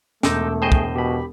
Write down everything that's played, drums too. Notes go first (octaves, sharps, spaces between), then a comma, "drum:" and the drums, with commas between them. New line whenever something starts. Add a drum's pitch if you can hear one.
E1 C3 A3 D#4 D6 E6 G6, drum: snare
A2 G#4 C5 D#5 G5
drum: kick
B2 G4 B5